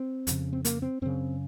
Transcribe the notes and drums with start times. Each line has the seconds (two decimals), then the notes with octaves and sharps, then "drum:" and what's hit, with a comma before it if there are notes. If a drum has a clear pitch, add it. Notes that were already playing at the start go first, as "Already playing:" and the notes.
Already playing: C4
0.27 F2 C#3, drum: hi-hat
0.53 C4
0.65 A#3, drum: hi-hat
0.82 C4
1.02 F#2 C#3 C4